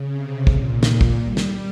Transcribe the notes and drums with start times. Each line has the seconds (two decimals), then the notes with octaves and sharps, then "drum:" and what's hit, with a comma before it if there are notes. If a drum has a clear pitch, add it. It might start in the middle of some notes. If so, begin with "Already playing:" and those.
Already playing: C#3
0.10 C3
0.47 A#2, drum: kick
0.83 drum: snare
1.01 drum: kick
1.19 G3
1.37 drum: snare